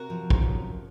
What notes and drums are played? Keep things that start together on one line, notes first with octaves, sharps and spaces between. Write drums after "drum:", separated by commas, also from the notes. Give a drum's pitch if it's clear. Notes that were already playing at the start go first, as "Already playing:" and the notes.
Already playing: C3 F#4 A#4
F3
drum: kick
F#2